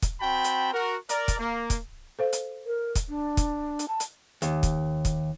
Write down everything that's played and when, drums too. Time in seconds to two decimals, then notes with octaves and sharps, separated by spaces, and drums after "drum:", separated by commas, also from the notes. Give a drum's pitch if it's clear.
0.02 drum: kick, hi-hat
0.20 C4 F#4 G5 A5 B5
0.44 drum: hi-hat
0.73 F#4 A#4
1.09 A#4 D5, drum: hi-hat
1.28 drum: kick, hi-hat
1.39 A#3
1.70 drum: kick, hi-hat
2.19 A4 C5 F5
2.33 drum: hi-hat
2.66 A#4
2.95 drum: kick, hi-hat
3.09 D4
3.37 drum: kick, hi-hat
3.79 drum: hi-hat
3.88 A5
4.00 drum: hi-hat
4.42 D#2, drum: hi-hat
4.63 drum: kick, hi-hat
5.05 drum: kick, hi-hat